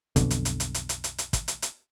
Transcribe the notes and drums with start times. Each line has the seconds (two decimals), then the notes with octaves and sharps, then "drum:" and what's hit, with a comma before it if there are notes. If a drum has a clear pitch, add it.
0.16 B1 F2 B2 D3, drum: kick, hi-hat
0.31 drum: hi-hat
0.45 drum: hi-hat
0.60 drum: hi-hat
0.74 drum: hi-hat
0.89 drum: hi-hat
1.04 drum: hi-hat
1.18 drum: hi-hat
1.33 drum: kick, hi-hat
1.48 drum: hi-hat
1.62 drum: hi-hat